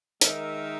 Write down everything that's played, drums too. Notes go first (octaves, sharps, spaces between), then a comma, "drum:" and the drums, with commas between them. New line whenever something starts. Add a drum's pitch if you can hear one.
D#3 G#3 D#4 A#4 E5, drum: hi-hat